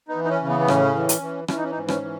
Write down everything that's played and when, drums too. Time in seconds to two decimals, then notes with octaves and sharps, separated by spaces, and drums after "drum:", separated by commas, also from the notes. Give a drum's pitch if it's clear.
0.08 B3 D#4
0.16 E3
0.24 D#4
0.29 C#4
0.42 C#3
0.49 B3
0.60 B3
0.68 A2 C#4, drum: rim click
0.95 E3
1.09 drum: hi-hat
1.22 E3
1.48 E3 C#4, drum: rim click
1.57 D#4
1.64 C#4
1.71 D#4
1.76 G#2 C#4
1.88 C#4, drum: rim click
2.02 E3